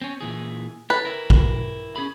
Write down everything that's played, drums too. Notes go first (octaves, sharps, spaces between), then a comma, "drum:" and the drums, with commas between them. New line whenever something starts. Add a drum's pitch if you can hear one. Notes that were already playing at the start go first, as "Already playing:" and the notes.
C4 C#4
A#2 E3 G#4
A4 B4 C#5
E4 A#4
drum: kick A1
C#4 G#4 B5